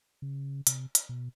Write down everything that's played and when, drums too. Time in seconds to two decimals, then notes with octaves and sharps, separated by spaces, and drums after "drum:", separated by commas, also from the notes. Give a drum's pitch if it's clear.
0.22 C#3
0.67 C3, drum: hi-hat
0.95 drum: hi-hat
1.09 B2